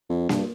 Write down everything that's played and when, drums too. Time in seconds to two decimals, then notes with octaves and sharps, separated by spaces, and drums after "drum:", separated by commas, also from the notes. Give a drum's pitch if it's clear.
0.10 F2
0.29 G2, drum: snare A#3